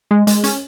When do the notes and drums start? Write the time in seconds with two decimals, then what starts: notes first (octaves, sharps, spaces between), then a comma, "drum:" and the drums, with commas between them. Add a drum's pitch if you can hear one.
0.11 G#3
0.27 G#3, drum: hi-hat
0.44 C#4, drum: hi-hat